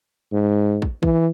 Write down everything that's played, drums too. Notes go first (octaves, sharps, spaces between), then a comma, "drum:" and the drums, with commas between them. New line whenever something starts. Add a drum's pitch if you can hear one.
G#2
drum: kick
E3, drum: kick